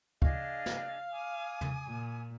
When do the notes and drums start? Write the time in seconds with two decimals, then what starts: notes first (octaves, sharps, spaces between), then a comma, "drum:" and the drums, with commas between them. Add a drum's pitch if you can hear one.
0.22 D4 G#4 D#5 F5, drum: kick
0.66 drum: snare
1.11 G#5 D6 D#6
1.61 drum: tom
1.87 A#2